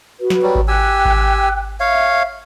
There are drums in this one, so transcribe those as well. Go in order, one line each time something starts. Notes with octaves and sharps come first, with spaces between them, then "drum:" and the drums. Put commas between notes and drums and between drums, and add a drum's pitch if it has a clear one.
F#4 B4
drum: snare
F#3 G3
drum: kick G#1
G4 G5 G#5 E6 F#6
drum: kick G#1
C#5 E5 F5